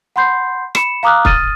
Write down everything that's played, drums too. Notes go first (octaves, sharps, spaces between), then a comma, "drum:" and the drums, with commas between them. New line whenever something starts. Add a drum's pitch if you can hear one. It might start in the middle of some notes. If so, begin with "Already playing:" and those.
F#5 B5 C6 G6 C7
B5 C#7 E7, drum: rim click
F5 A#5 D6 D#6 F6 F#6
D#6 F6 A6 D#7, drum: kick